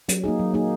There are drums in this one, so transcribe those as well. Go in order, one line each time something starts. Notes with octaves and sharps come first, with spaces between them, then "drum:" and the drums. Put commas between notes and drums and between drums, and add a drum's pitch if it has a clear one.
F#3, drum: hi-hat
A#3 D#4 G#4
F#3
A#3 D#4 G#4